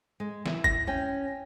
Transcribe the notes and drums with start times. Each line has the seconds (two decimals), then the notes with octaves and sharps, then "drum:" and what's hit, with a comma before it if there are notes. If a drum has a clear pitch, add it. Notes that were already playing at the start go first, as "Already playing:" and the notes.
0.20 G#3
0.46 E4, drum: snare
0.64 A#6, drum: kick
0.87 C#4 G5